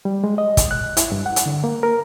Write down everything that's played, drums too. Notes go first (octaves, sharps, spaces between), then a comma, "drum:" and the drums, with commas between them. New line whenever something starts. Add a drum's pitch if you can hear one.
G3
G#3
D#5
drum: kick, hi-hat
F#6
E4, drum: hi-hat
G2
F#5
drum: hi-hat
D3
A#3
A#4